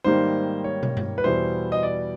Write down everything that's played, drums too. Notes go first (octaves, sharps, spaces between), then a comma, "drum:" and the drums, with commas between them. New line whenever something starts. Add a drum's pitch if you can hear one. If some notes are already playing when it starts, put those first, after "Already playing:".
G#2 D#3 G3 A#3 D#4 C5
C#5
drum: tom
drum: tom G2
B4
E2 B2 G3 B3 E4 C5
D#5
D5